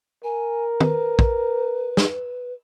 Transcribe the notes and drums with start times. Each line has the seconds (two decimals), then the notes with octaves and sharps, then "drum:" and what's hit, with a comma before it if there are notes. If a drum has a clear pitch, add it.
0.24 A#4 G#5
0.81 B4, drum: tom
1.19 drum: kick
1.97 drum: snare